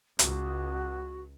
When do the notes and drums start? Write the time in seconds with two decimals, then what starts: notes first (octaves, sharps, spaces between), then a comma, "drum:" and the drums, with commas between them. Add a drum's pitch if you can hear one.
0.19 C#2 F#4, drum: hi-hat